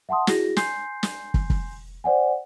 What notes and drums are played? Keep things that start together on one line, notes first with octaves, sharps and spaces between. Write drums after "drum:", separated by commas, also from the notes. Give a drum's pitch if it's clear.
E5 F#5 A5 C6 D#6
E4 F#4 G#4 A#6, drum: snare
G#5 C6 G6 C7, drum: snare
drum: snare
drum: kick
drum: kick
C5 D5 F#5 G#5